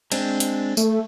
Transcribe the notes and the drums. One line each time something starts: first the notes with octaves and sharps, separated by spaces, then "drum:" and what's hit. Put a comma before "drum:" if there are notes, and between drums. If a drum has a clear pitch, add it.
G#3 C4 D4, drum: cymbal
drum: hi-hat
A3, drum: tambourine